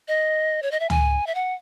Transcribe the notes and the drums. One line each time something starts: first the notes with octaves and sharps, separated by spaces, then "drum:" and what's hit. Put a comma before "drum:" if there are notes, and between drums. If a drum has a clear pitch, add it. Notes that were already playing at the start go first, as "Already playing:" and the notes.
D#5
C#5
D#5
E5
G#5, drum: tom C#2
E5
F#5